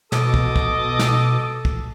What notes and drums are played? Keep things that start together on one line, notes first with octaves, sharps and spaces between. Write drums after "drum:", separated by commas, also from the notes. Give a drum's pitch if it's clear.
B2 A4 D#5 D6 D#6, drum: snare
drum: kick
drum: kick
drum: snare
drum: kick